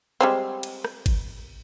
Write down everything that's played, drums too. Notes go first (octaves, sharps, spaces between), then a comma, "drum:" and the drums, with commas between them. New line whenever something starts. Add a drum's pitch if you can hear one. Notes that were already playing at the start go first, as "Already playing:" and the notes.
G3 G#3 C4
drum: cymbal
drum: rim click
drum: kick G1, cymbal